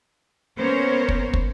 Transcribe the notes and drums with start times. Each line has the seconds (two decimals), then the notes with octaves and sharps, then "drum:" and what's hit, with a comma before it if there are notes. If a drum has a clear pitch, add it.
0.59 A#3 B3 C#4 A#4 C5 C#5
1.09 drum: kick
1.33 drum: kick